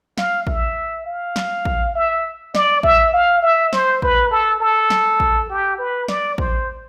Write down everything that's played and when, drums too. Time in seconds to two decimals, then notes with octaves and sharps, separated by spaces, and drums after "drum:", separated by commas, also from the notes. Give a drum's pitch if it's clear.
0.18 F5, drum: snare
0.47 E5, drum: kick
1.06 F5
1.36 drum: snare
1.65 drum: kick
1.95 E5
2.55 D5, drum: snare
2.83 E5, drum: kick
3.13 F5
3.42 E5
3.73 C5, drum: snare
4.02 B4, drum: kick
4.31 A4
4.60 A4
4.90 drum: snare
5.20 drum: kick
5.50 G4
5.78 B4
6.08 D5, drum: snare
6.38 C5, drum: kick